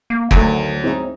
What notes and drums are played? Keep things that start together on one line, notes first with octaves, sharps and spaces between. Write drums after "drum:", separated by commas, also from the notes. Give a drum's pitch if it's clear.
A#3
D2 D#3 F#3 A3, drum: kick
C4 D#4 E4 G#4